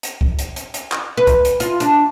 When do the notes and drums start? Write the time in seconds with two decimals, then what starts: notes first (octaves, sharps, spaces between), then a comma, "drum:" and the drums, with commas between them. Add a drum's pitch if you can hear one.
0.03 drum: hi-hat
0.21 drum: kick C2
0.39 drum: hi-hat
0.56 drum: hi-hat
0.74 drum: hi-hat
0.92 drum: clap
1.17 B4
1.27 drum: kick C2, hi-hat
1.45 drum: hi-hat
1.60 F4, drum: hi-hat
1.80 D4, drum: hi-hat